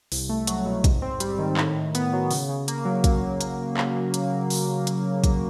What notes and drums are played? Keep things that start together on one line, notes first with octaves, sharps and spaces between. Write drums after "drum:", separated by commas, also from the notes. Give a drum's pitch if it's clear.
C2, drum: open hi-hat
A3
F#3, drum: hi-hat
B2
G#2, drum: kick, hi-hat
C4
G3, drum: hi-hat
D#3
A2, drum: clap
A2
B3, drum: hi-hat
F#3
C#3, drum: open hi-hat
C#3
A#3, drum: hi-hat
F#3
drum: kick, hi-hat
drum: hi-hat
drum: clap
drum: hi-hat
drum: open hi-hat
drum: hi-hat
drum: kick, hi-hat